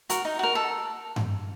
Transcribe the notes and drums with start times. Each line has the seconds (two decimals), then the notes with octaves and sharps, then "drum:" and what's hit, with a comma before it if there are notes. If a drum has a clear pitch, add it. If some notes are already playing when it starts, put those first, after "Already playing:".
0.10 F#4 A#4, drum: hi-hat
0.25 D#4
0.39 F#4 A#4
0.55 A4
1.16 drum: tom G2